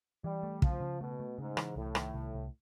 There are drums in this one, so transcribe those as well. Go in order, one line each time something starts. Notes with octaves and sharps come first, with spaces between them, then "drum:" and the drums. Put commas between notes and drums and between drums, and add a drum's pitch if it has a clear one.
E3 G3
A3
C#3 F3, drum: kick
C#3
B2 A3
A3
G#2 C#3
E3, drum: rim click
C2 A2
D#3, drum: rim click
C2
C2